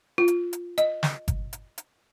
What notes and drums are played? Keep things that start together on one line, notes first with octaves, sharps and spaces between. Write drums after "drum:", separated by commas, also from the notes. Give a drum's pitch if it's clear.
F4
drum: hi-hat
drum: hi-hat
D#5, drum: hi-hat
drum: snare
drum: kick G1, hi-hat
drum: hi-hat
drum: hi-hat